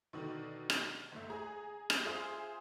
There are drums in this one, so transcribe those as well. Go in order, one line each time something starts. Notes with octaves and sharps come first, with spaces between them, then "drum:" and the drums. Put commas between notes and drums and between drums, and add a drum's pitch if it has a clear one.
B2 D3 D#3
drum: rim click
G1 A3 E5
G#4 A#5
drum: rim click
F4 G#4 C5 E5 C6 D#6